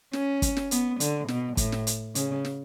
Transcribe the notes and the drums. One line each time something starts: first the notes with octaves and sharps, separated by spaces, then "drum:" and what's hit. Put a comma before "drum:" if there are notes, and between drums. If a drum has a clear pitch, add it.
C#4, drum: snare
drum: kick, hi-hat
drum: snare
B3, drum: hi-hat
D3, drum: hi-hat
B2, drum: snare
A2, drum: kick, hi-hat
drum: snare
drum: hi-hat
C#3, drum: hi-hat
drum: snare